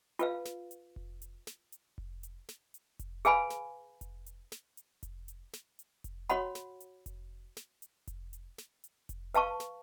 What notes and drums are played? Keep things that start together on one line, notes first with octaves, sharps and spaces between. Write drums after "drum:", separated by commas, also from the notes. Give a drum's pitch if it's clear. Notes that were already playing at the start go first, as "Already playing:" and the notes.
F4 B4 F5, drum: hi-hat
drum: snare
drum: hi-hat
drum: kick F1
drum: hi-hat
drum: snare
drum: hi-hat
drum: kick F1
drum: hi-hat
drum: snare
drum: hi-hat
drum: kick F1, hi-hat
G#4 B4 F5 G#5 B5, drum: hi-hat
drum: snare
drum: kick F1, hi-hat
drum: hi-hat
drum: snare
drum: hi-hat
drum: kick F1, hi-hat
drum: hi-hat
drum: snare
drum: hi-hat
drum: kick F1, hi-hat
F#4 C#5 F#5 B5, drum: hi-hat
drum: snare
drum: hi-hat
drum: kick F1, hi-hat
drum: snare
drum: hi-hat
drum: kick F1, hi-hat
drum: hi-hat
drum: snare
drum: hi-hat
drum: kick F1, hi-hat
B4 F5 A5 C#6, drum: hi-hat
drum: snare